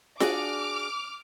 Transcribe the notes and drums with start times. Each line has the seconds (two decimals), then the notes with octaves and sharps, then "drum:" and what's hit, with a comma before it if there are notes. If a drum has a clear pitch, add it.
0.20 D4 F#4 G#4 D6 F6, drum: snare F4